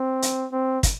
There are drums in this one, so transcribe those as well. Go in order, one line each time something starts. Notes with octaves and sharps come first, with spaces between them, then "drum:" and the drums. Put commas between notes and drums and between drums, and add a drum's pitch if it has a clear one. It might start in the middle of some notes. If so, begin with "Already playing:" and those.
Already playing: C4
drum: hi-hat
C4
drum: kick, hi-hat